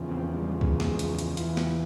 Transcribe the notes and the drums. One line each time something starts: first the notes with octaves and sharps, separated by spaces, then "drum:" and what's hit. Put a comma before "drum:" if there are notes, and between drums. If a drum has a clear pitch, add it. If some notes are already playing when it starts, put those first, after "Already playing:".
Already playing: E2 C#3 F3
C4
G3
G#3, drum: kick C2
drum: snare
drum: hi-hat
drum: hi-hat
E2 E3 F4, drum: hi-hat
drum: snare